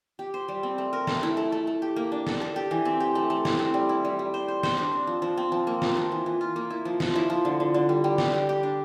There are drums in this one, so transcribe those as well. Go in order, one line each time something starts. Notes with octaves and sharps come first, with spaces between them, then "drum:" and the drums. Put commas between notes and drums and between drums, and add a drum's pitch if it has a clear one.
G4
C5
G3
C4
A3
A#4
A3, drum: snare
E4
A3
A3
A3
G4
A#3
D4
A4, drum: snare
A4
G4
E3
C4
G4
A3
A3
E4, drum: snare
C4
G3
E4
G3
G3
C5
C5
C5, drum: snare
D4
C4
F3
F3
C4
F3
A#3
F3, drum: snare
F3
E3
E3
F4
A#3
E4
F3
F3, drum: snare
E4
F3
D3
D3
D3
G3
G3
G4, drum: snare
G4
G4
D4